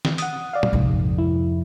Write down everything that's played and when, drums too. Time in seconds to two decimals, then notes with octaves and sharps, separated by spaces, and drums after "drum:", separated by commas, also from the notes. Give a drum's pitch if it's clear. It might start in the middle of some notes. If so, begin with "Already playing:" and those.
0.05 drum: snare
0.18 F#5 D#6, drum: hi-hat
0.53 D5 F5
0.63 drum: tom
0.73 A#1 F2 G#2 C3
1.18 E4